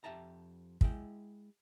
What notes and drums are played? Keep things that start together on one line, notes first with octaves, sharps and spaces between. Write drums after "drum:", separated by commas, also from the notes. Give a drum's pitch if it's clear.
F2 G4 E5 A5 A#5
G#3 E4 G5, drum: kick